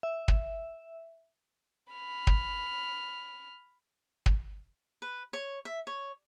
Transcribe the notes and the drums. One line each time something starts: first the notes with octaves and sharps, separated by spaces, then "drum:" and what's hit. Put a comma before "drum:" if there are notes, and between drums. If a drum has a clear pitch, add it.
E5
drum: kick
B5 F6
drum: kick
drum: kick
B4
C#5
E5
C#5